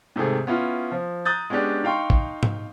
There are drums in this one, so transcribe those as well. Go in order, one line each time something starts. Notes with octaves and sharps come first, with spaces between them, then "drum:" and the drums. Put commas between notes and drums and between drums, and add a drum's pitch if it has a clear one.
G#2 C3 D#3 A3 G#4
B3 C#4 E4 F4
F3
A#5 D#6 F#6 G6 A6
G#3 B3 C#4 D4 G4
D#4 F5 G5 C6 C#6
drum: kick
drum: tom G#2